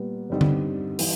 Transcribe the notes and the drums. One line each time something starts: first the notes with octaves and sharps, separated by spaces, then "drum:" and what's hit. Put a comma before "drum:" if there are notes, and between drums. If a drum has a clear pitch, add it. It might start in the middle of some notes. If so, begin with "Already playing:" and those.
Already playing: A#2 G3 B3
G2 D3 G3 C4 D#4
drum: tom D3
E3 G3, drum: open hi-hat